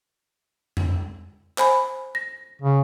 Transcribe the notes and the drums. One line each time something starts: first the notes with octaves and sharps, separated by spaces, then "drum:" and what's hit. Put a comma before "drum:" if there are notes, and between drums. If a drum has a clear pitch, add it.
drum: tom F2
C5 G#5 B5, drum: clap
A#6
C#3